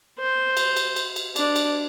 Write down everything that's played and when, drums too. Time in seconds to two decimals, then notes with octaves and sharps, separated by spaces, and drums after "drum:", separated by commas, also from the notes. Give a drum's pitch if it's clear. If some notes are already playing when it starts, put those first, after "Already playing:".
0.18 C5
0.57 drum: cymbal
0.76 drum: cymbal
0.96 drum: cymbal
1.16 drum: cymbal
1.36 D4, drum: cymbal
1.56 drum: cymbal